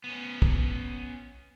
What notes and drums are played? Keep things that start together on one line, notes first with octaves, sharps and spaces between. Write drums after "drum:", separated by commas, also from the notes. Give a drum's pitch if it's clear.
B3 C#4
drum: kick